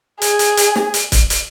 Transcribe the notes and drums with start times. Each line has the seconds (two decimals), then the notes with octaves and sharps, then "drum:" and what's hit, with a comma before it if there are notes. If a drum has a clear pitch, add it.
0.22 G#4, drum: hi-hat
0.39 drum: hi-hat
0.57 drum: hi-hat
0.76 drum: snare
0.94 drum: hi-hat
1.12 drum: kick, hi-hat
1.30 drum: hi-hat